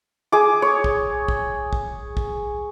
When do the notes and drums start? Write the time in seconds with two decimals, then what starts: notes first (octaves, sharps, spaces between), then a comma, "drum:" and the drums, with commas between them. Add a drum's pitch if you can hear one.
0.32 G#4 D6
0.62 C#5
0.84 drum: kick
1.28 drum: kick
1.73 drum: kick
2.17 drum: kick